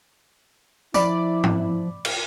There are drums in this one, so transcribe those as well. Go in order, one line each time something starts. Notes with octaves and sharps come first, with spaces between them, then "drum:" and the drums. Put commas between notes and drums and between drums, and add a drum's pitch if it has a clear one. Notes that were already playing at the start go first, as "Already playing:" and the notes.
F3 E4 D5 B5, drum: tambourine
drum: tom G#2
drum: cymbal